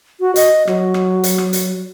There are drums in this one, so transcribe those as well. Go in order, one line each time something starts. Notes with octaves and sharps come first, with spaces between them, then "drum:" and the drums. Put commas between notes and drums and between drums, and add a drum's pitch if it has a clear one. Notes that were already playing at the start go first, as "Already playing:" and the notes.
F#4
D#5, drum: hi-hat
F#3, drum: rim click
drum: rim click
drum: hi-hat
drum: rim click
drum: hi-hat